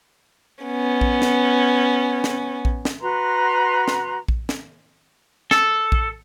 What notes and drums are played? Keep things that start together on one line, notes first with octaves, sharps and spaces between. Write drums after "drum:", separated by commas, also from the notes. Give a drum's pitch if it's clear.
B3 C#4
drum: kick A#1
drum: snare
drum: snare
drum: kick A#1
drum: snare
F#4 B4 A#5 C6
drum: snare
drum: kick A#1
drum: snare
A4, drum: snare
drum: kick A#1